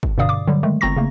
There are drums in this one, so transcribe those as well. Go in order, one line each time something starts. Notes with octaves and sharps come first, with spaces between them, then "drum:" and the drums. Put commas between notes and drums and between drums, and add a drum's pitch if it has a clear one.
drum: kick
G2 B2 D3 D5 F5 D#6
D6
D3 F#3 G3
D#3 G#3 A3
G1 C4 A#5 C#6 A#6
C#3 A3 A#3